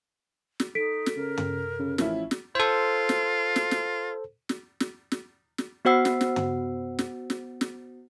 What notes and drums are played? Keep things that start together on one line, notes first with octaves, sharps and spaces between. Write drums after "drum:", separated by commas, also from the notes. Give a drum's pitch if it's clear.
drum: snare
D#4 A4 B6 D7
drum: snare
C#3 A#4
drum: tom
C#3
A1 F3 C#4 E4, drum: snare
drum: snare
F4 A4 C5
drum: snare
drum: snare
drum: snare
drum: snare
drum: snare
drum: snare
drum: snare
B3 F#4 C5 F#5 E6 C7
drum: snare
drum: snare
drum: tom
drum: snare
drum: snare
drum: snare